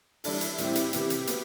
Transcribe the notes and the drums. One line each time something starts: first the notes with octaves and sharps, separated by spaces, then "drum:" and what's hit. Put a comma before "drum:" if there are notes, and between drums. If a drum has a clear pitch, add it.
G3 D4 E4 A4, drum: open hi-hat
drum: hi-hat
A2 G3 C4 E4 G4, drum: hi-hat
drum: hi-hat
C3 E3 B3 E4 G4, drum: hi-hat
drum: hi-hat
B3 F#4, drum: hi-hat